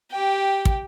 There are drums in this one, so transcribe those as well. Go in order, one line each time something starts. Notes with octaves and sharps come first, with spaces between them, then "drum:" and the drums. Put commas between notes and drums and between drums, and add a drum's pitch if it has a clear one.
G4 G5
drum: kick